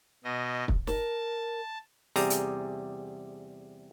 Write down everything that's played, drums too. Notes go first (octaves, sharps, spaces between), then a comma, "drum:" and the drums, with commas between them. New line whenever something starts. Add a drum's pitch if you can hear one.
B2 D#5
drum: kick
A#4 A5, drum: snare
E2 C3 G3 G#4 A#5, drum: open hi-hat
drum: hi-hat